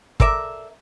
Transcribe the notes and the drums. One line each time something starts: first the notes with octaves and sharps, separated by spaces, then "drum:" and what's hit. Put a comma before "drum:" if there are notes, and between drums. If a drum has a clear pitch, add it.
A4 A#4 D5 E5, drum: kick